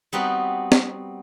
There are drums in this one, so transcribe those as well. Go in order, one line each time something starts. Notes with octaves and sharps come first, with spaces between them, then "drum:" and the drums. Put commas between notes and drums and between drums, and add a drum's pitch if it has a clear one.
G3 B3 C4 D#4 F#4 B4
drum: snare